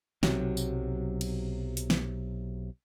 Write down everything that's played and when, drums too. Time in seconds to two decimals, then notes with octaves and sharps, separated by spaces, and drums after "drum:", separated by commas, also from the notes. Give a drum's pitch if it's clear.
0.23 B1 C3 F#3, drum: snare
0.57 drum: tambourine
1.21 drum: cymbal
1.77 drum: hi-hat
1.90 drum: snare